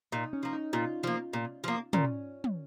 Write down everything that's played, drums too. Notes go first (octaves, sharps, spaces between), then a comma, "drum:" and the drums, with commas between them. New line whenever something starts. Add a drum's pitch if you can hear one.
A#2 D#4
C#4
F3 A#3
D#4
A#2 F4
F3 A#3
A#2
F3 A#3
A#2 C#4, drum: tom
drum: tom